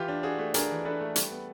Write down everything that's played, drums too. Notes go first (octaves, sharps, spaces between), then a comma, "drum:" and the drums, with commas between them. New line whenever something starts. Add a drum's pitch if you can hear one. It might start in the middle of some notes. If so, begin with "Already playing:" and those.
Already playing: E3 F4 G4
D4
D4 F#4 G#4
A3
D4 G#4 A#4, drum: hi-hat
E3
D4 A4 B4
A3
G3, drum: hi-hat
B3